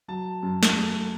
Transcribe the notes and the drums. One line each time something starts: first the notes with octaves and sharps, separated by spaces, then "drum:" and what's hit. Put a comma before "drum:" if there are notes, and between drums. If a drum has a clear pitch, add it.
F#3 A5
F#2
drum: snare
A3